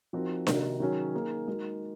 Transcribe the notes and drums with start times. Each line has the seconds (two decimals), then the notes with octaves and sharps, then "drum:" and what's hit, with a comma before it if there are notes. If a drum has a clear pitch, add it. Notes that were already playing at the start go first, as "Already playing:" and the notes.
0.13 F3 C4 D#4 F#4 A#4
0.47 C3 D#3 A#3 D#4 F#4, drum: snare D4
0.80 D#3 F#3 C#4 G#4
1.14 A#3 D#4 G#4
1.47 G#3 D#4 F#4 A#4